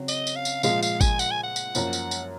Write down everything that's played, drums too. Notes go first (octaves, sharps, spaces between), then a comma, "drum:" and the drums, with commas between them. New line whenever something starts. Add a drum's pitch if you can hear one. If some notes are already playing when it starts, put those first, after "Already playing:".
Already playing: C#3 F#3 C4
D#5, drum: tambourine
drum: tambourine
F5
drum: tambourine
A#2 F3 G#3 F5, drum: tambourine
F5, drum: tambourine
G#5, drum: kick G#1, tambourine
F#5, drum: tambourine
G#5
F#5
drum: tambourine
F#2 F3 A#3, drum: tambourine
drum: tambourine
drum: tambourine